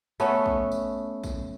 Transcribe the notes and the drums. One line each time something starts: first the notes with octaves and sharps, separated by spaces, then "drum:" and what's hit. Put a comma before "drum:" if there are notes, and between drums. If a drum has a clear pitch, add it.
A3 B3 C#4, drum: tambourine
drum: kick A#1
drum: tambourine
drum: kick A#1, tambourine